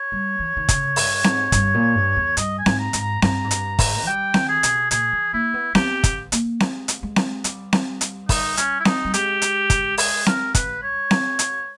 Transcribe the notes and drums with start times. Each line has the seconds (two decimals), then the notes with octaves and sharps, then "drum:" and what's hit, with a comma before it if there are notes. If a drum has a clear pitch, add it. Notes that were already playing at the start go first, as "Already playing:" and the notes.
Already playing: C#5
0.12 G3
0.40 E3
0.57 D#3
0.69 C#3, drum: kick, hi-hat
0.96 G2, drum: open hi-hat
1.24 G#2, drum: snare C4
1.52 G2, drum: kick, hi-hat
1.74 A#2
1.95 G2
2.16 E2
2.37 G2 D#5, drum: hi-hat
2.59 G#5
2.66 G#2, drum: snare C4
2.79 A#5
2.93 G#2, drum: hi-hat
3.01 A#5
3.22 G2 A#5, drum: snare C4
3.44 G#2
3.51 G2, drum: hi-hat
3.79 G#2, drum: kick, open hi-hat
4.06 G3 G5
4.34 D#3, drum: snare C4
4.49 G#4
4.63 B2, drum: hi-hat
4.91 A#2 G#4, drum: hi-hat
5.13 E3
5.33 A#3 E4
5.54 B3
5.75 B3 G4, drum: snare C4
6.04 drum: kick, hi-hat
6.32 A#3, drum: hi-hat
6.60 G#3, drum: snare C4
6.88 drum: hi-hat
7.03 G#3
7.16 drum: snare C4
7.44 G3, drum: hi-hat
7.73 drum: snare C4
8.01 drum: hi-hat
8.29 D#4, drum: kick, open hi-hat
8.57 C#4, drum: hi-hat
8.80 E4
8.85 D#4, drum: snare C4
9.05 G3
9.14 G#3 G4, drum: hi-hat
9.42 drum: hi-hat
9.70 drum: kick, hi-hat
9.98 G#4, drum: open hi-hat
10.26 A#4, drum: snare C4
10.55 B4, drum: kick, hi-hat
10.83 C#5
11.11 drum: snare C4
11.39 drum: hi-hat